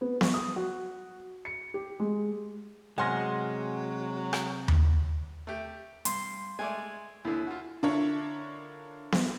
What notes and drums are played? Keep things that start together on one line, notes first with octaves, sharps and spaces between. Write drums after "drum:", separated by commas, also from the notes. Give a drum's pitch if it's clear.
B3
C#6, drum: snare B3
D#6
F#4
C#7
G4
G#3
C3 F#3 G#3 F#5 G#5 C6 F6 A#6
drum: rim click
drum: tom D#2
A3 G4
G2 C6, drum: hi-hat
G#3 A3 D5 G#5
D#2 D3 E4
F4 F#4
D3 D4 E4 F4 A#4 C#5
drum: snare B3